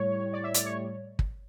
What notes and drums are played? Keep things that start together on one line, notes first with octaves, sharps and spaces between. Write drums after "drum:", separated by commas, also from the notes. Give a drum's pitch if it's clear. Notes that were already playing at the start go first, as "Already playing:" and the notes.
Already playing: A2 G3 C#5
D5
E5
D5, drum: hi-hat
C#5
drum: kick